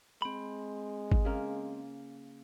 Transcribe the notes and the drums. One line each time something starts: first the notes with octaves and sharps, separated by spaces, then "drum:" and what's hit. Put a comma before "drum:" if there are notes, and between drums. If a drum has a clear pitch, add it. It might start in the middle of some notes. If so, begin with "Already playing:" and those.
G#3 C4 B5
drum: kick G#1
C#3 A#3